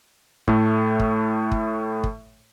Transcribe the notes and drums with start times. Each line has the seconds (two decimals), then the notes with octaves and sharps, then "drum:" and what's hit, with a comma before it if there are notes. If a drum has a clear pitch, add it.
0.48 A2 A3, drum: kick
1.00 drum: kick
1.52 drum: kick
2.04 drum: kick